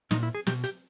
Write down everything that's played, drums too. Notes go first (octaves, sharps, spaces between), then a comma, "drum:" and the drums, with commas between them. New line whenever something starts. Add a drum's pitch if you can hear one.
A#2 D#4, drum: snare
E4
G#4
B2 G4, drum: snare
G4, drum: hi-hat